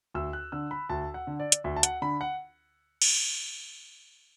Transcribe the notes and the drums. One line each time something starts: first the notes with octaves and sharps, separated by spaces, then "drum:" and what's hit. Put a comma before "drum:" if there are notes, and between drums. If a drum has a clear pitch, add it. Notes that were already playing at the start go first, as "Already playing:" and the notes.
D2 E6
F#6
D3 E6
B5
D2 A5
F#5
D3
D5
drum: hi-hat
D2 E5
A5
F#5, drum: hi-hat
D3 B5
F#5
drum: cymbal